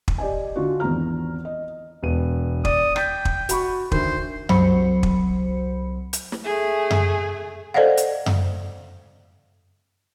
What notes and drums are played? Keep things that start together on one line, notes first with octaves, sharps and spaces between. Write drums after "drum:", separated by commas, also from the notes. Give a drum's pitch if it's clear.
drum: kick
G4 D5 D#5 G#5
D3 D4 F4 F#4
G#1 E2 B3 A#5 F6
D#5
E1 B3 D#7
D5 D#6, drum: kick
G5 G6 A6 B6, drum: rim click
drum: kick
F#4 B5 C#6, drum: hi-hat
D2 D#3 C5, drum: kick
C2 F#3 C5 B5 C#7, drum: tom F#2
drum: kick
drum: hi-hat
drum: snare
A3 G#4
drum: tom F#2
A4 C5 D5 D#5 F5 F#5
drum: hi-hat
drum: tom F#2